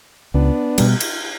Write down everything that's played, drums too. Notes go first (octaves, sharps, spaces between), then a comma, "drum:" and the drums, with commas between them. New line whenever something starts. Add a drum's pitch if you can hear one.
C#2 B3 D4
B2 G3, drum: cymbal
drum: cymbal